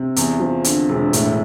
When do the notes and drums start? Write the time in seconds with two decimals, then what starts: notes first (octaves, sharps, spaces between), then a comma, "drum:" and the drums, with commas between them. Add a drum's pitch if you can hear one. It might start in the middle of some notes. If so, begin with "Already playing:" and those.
Already playing: C3
0.16 E2, drum: hi-hat
0.40 F3
0.64 D3, drum: hi-hat
0.89 E1
1.13 A2, drum: hi-hat